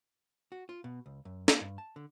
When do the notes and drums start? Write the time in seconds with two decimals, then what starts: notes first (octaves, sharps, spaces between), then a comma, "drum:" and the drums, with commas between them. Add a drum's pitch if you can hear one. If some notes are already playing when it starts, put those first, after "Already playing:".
0.52 F#4
0.69 F4
0.84 B2
1.06 C#2
1.25 F#2
1.48 A#3, drum: snare
1.61 G2
1.78 A5
1.96 D3